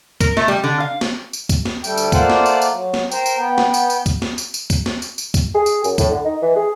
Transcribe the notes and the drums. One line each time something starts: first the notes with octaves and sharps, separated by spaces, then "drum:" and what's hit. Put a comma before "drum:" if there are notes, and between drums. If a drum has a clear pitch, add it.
A#4, drum: kick, tambourine
A3, drum: snare
G3
D3
F5
drum: snare
drum: tambourine
drum: kick, tambourine
drum: snare
D2 G3 A3 G5, drum: tambourine
drum: tambourine
A3 A#3 F4 C5 D5 F#5, drum: kick, tambourine
drum: snare
drum: tambourine
drum: tambourine
F#3
drum: snare
A#4 C5 G5, drum: tambourine
drum: tambourine
B3 G5
drum: snare
drum: tambourine
drum: tambourine
drum: kick, tambourine
drum: snare
drum: tambourine
drum: tambourine
drum: kick, tambourine
drum: snare
drum: tambourine
drum: tambourine
drum: kick, tambourine
G#4
drum: tambourine
F#2, drum: tambourine
A2, drum: kick, tambourine
D3
D#4
E3
G#4